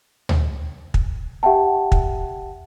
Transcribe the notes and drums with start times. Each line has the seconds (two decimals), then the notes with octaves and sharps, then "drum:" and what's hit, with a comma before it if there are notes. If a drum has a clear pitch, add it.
0.29 drum: tom D2
0.94 drum: kick
1.43 G4 E5 F#5 G5 A5
1.92 drum: kick